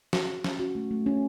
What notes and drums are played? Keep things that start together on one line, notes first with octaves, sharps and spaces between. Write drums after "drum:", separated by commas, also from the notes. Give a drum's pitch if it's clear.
F#4, drum: snare
F#4
C#4, drum: snare
F#4
A3
A3
C#4